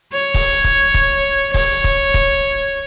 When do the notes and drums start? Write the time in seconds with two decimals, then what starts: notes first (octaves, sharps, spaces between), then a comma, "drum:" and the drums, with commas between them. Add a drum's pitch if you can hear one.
0.13 C#5
0.34 drum: kick, open hi-hat
0.64 drum: kick, hi-hat
0.94 drum: kick, hi-hat
1.54 C#5, drum: kick, open hi-hat
1.84 drum: kick, hi-hat
2.14 drum: kick, hi-hat